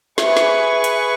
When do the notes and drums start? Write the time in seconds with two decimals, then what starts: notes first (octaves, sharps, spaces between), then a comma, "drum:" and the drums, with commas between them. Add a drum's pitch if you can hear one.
0.18 G#4 B4 E5 C#6, drum: snare
0.37 drum: snare
0.84 drum: hi-hat